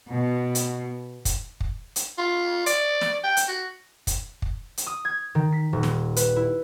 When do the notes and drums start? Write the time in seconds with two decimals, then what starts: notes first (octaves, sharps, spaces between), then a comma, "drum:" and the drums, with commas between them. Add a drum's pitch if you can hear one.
0.12 B2
0.55 drum: hi-hat
1.25 drum: kick, hi-hat
1.60 drum: kick
1.96 drum: hi-hat
2.18 F4
2.66 D5, drum: hi-hat
3.01 drum: snare
3.24 G5
3.37 drum: hi-hat
3.48 F#4
4.07 drum: kick, hi-hat
4.42 drum: kick
4.77 drum: hi-hat
4.86 D#6
5.05 G#6
5.35 D#3
5.52 B6
5.73 D#1
5.83 drum: snare
6.16 B4, drum: hi-hat
6.36 E4